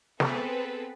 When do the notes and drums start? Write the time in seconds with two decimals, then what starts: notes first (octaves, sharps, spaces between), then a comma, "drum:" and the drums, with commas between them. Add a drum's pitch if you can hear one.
0.20 B3 C4 G#4 A4 B4, drum: snare